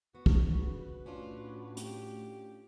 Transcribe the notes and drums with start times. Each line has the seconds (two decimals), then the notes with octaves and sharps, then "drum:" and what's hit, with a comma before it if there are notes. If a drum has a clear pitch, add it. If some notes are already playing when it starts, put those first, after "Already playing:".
0.15 B3 F#4
0.26 drum: kick
0.51 C#3 F#4 B4
1.06 A2 C#4 D4 F4
1.77 G4, drum: hi-hat